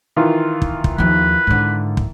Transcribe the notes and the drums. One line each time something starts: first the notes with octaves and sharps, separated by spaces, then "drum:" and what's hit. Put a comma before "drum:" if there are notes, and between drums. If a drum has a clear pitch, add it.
D#3 E3 F4
drum: kick
drum: kick
D#2 F3 B4
G#2 D3
drum: kick